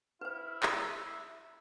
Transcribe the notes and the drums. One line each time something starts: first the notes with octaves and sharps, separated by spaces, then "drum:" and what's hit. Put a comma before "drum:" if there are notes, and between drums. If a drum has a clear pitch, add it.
E4 B4 C5
drum: clap